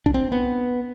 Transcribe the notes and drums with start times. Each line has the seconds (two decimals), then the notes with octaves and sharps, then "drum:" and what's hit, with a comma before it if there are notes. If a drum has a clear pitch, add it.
0.06 D4, drum: kick B1
0.14 C4
0.32 B3